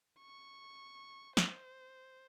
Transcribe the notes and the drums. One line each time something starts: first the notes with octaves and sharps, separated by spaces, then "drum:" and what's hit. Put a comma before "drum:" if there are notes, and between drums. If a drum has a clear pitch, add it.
C#6
C5, drum: snare